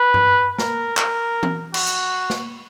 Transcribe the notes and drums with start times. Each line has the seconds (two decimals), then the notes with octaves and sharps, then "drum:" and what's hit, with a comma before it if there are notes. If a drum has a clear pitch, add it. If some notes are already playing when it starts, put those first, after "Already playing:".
Already playing: B4
0.14 drum: tom G2
0.58 A#4, drum: snare
0.97 A#4, drum: clap
1.43 drum: tom E3
1.74 F#4, drum: cymbal
1.87 drum: hi-hat
2.30 drum: snare